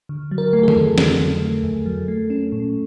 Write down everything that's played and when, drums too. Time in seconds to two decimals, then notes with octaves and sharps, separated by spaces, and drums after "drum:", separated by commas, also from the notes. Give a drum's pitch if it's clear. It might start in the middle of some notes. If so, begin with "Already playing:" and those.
0.09 D3
0.31 F#3
0.38 A#4
0.53 A3
0.63 G#4
0.68 A4, drum: tom D#3
0.76 F2
0.98 D3, drum: snare
1.19 F#3
1.42 A3
1.63 F2
1.86 F#3
2.08 A3
2.30 C#4
2.52 A#2